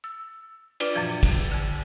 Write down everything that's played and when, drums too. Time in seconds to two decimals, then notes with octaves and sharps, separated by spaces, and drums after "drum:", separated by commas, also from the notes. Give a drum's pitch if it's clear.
0.04 E6
0.80 D4 F4 B4 D5, drum: cymbal
0.96 F#2 A#2 E3 F3
1.23 drum: kick, cymbal
1.51 F2 D3